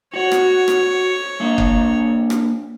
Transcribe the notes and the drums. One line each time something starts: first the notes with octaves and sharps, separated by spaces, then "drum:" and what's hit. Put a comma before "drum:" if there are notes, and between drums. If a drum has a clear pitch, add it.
F#4 C#5
drum: rim click
drum: rim click
A#3 D4 F5
drum: kick F#1
drum: rim click